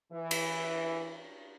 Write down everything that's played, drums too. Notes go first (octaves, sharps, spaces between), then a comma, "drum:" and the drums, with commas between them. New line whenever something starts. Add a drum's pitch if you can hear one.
E3
drum: cymbal